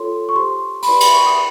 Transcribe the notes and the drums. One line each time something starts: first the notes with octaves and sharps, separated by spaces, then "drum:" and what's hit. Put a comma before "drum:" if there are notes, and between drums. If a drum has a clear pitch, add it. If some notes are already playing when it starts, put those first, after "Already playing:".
Already playing: F4 A4 C#5 C6
C#6
G4 C5 C6
B5, drum: open hi-hat
E4 G4 B4 D5 C6
B5, drum: cymbal
C#6
D#6